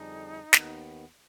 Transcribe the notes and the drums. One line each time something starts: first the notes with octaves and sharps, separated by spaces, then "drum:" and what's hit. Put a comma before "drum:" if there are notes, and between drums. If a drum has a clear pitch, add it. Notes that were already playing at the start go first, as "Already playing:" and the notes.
Already playing: F2 D3 G3 D4 D#4 G#4
D#2 D#3 B3, drum: snare